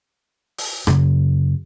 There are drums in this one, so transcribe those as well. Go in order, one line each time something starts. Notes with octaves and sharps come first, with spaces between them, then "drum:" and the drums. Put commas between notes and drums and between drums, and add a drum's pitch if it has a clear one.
drum: open hi-hat
F#2 C#3, drum: rim click